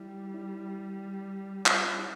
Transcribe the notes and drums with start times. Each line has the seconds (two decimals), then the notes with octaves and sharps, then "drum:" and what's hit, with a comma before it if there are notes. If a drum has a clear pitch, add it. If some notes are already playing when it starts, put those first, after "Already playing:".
Already playing: G3 E4
0.34 E4
1.66 F4, drum: clap
1.98 E4